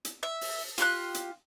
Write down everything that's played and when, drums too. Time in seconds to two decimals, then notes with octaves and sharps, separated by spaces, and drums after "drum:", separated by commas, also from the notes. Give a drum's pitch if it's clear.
0.05 drum: hi-hat
0.23 E5
0.41 drum: open hi-hat
0.78 F4 G4 C#6 F#6, drum: hi-hat
1.14 drum: hi-hat